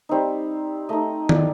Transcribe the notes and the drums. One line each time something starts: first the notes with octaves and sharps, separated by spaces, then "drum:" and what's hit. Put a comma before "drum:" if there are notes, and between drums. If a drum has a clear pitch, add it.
G3 C4 D#4
A3 D#4 D#5
D5, drum: tom D#3